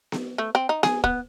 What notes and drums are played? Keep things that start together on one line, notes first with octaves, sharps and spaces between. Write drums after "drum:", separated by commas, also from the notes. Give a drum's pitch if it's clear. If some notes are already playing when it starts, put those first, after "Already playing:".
drum: snare B3
A3
C4
D#4
G#4, drum: snare B3
B3, drum: kick